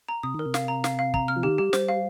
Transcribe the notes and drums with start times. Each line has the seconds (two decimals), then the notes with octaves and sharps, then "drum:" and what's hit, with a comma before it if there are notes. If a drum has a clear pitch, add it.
0.09 A#5
0.23 C3 D#6
0.34 D#3 A#4
0.46 C3
0.54 F5, drum: snare
0.68 A#5
0.84 F5, drum: snare
0.99 F5
1.14 A#5, drum: kick
1.28 F6
1.36 F3
1.43 D#3 G4
1.58 G3 G4
1.73 G3 C5, drum: snare
1.88 F5